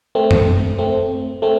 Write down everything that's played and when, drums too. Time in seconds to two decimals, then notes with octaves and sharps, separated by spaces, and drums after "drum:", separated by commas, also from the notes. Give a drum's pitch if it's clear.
0.15 A3 C4
0.31 drum: tom F#2
0.78 A3 C4
1.42 A3 C4